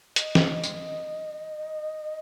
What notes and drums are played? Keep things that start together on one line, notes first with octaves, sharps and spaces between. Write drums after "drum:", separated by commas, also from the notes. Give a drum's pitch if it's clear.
D#5, drum: hi-hat
drum: snare
drum: tambourine